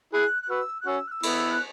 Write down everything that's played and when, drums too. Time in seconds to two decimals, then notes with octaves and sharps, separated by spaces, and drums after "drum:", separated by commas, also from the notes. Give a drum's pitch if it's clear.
0.13 E4 G#4 F#6
0.42 F#6
0.49 F#4 B4 E6
0.80 F#6
0.86 C#4 F#4 E6
1.07 F#6
1.10 E6
1.23 B3 E4, drum: cymbal
1.35 E6
1.50 F#6